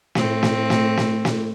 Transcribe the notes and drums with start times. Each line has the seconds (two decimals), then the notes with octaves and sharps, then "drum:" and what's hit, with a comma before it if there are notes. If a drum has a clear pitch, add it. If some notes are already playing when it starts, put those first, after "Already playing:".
0.15 A2 C4, drum: snare
0.43 drum: snare
0.70 drum: snare
0.97 drum: snare
1.25 drum: snare